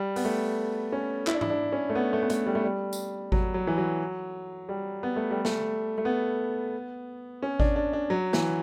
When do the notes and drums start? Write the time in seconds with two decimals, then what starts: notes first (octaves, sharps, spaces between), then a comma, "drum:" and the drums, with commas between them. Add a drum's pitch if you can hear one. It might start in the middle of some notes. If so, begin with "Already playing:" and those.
Already playing: G3
0.16 B3, drum: open hi-hat
0.25 A3
0.92 C#4
1.27 E4, drum: clap
1.34 D4
1.41 E4, drum: tom
1.50 D4
1.72 C#4
1.90 A3
1.95 B3
2.13 A3
2.22 B3
2.30 A3, drum: hi-hat
2.46 G3
2.55 A3
2.64 G3
2.93 drum: tambourine
3.32 F#3, drum: kick G#1
3.54 F#3
3.67 E3
3.78 F#3
4.69 G3
5.03 B3
5.16 A3
5.31 G3
5.45 A3, drum: snare
5.98 A3
6.05 B3
7.43 C#4
7.60 D4, drum: kick G#1
7.76 D4
7.93 D4
8.10 F#3
8.33 E3, drum: snare